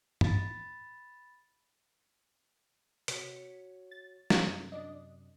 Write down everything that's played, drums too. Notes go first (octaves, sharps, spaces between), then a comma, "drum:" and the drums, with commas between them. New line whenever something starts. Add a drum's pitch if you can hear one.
B5 A6, drum: tom
C3 F#4 C#5 B6 C#7, drum: hi-hat
A6
drum: snare
F#2 C3
D4 D5 D#5